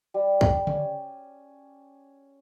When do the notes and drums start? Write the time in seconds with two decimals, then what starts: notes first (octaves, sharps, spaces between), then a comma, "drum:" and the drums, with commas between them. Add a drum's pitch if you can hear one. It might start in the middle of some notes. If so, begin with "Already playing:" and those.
0.14 G3
0.41 drum: kick
0.67 C#4, drum: tom C#3